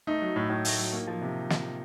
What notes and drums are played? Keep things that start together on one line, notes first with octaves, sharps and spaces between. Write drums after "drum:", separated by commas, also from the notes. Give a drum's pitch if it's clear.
A3 D#4
F#3
A2
A2
A3, drum: open hi-hat
F#3
A#3
F3
C3
drum: snare